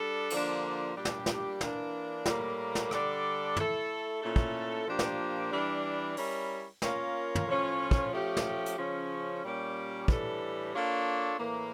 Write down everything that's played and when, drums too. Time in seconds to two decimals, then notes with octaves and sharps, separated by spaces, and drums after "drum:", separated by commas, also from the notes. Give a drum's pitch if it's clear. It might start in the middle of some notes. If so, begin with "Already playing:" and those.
Already playing: G3 D4 A4
0.30 D3 F3 A#3 D4 G4, drum: cymbal
0.96 A#2 G3 D4 G4
1.05 drum: snare
1.26 drum: snare
1.61 E3 A#3 D4, drum: snare
2.26 A2 G3 A#3, drum: snare
2.75 drum: snare
2.91 D3 G3 D4 A4 D5, drum: rim click
3.57 A3 E4 A4, drum: tom
4.21 A#2 A3 C#4 E4 A4
4.36 drum: kick
4.86 A#2 F3 A#3 D4 G4
4.99 drum: snare
5.52 E3 G3 D4
6.17 G3 C#4 E4 A#4 C#5, drum: open hi-hat
6.82 A#3 C#4 F4 A#4 C#5, drum: snare
7.35 drum: tom
7.47 A2 F3 C#4 F4 C#5
7.91 drum: kick
8.12 F3 A3 C#4 G4
8.37 drum: snare
8.66 drum: hi-hat
8.78 C#3 F3 C#4
9.43 A#2 G3 A#3 C#4 G4
10.08 A2 E3 G3 D4 A4, drum: kick
10.73 A#3 D4 F4 A4 C#5
11.38 A2 E3 A#3